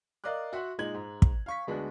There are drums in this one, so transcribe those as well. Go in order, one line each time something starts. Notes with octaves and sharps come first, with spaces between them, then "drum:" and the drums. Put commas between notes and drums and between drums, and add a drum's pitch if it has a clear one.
A#4 D5 D#5 F5 D6 F#6
F#4 E5 F#5 C6
A#2 G#3 D#4 G#6 F#7
G#2
drum: kick
F5 C#6 B6
D2 G#3 B3 D4 F#4